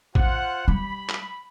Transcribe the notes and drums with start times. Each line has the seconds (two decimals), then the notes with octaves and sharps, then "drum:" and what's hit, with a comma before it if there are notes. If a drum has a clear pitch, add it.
0.15 F4 C5 F#5, drum: kick A1
0.68 G3 B5
1.10 drum: clap